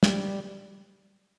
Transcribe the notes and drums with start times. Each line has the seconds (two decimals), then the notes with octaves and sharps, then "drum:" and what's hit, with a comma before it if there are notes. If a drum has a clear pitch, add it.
0.03 G3, drum: snare